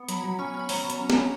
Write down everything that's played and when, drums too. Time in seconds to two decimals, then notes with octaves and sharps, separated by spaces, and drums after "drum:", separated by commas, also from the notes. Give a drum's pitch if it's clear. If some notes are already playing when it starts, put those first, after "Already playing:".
Already playing: B3
0.09 F#3 B5, drum: hi-hat
0.24 F#3
0.39 C#4 C#6
0.54 C#4
0.59 B5
0.69 F#3 A#5, drum: open hi-hat
0.84 F#3
0.90 C#5, drum: hi-hat
0.99 C#4
1.10 C#5, drum: snare
1.15 C#4